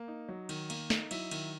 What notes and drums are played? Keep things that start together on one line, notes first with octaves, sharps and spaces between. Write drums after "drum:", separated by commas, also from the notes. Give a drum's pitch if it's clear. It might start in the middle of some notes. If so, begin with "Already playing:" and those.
Already playing: A#3
D#4
F#3
D#3, drum: cymbal
A#3, drum: cymbal
D#4, drum: snare
F#3 E4 E5, drum: cymbal
D#3, drum: cymbal